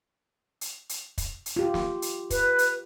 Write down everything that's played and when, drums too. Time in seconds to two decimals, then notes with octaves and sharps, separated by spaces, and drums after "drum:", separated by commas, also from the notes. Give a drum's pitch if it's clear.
0.61 drum: hi-hat
0.89 drum: hi-hat
1.18 drum: kick, hi-hat
1.46 drum: hi-hat
1.56 F4 G4
1.74 drum: snare
2.02 drum: hi-hat
2.30 B4, drum: kick, hi-hat
2.59 drum: hi-hat